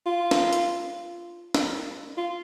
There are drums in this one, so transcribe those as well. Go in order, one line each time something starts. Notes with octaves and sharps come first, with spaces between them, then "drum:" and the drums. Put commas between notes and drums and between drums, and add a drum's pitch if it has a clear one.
F4
drum: snare
drum: hi-hat
drum: snare
F4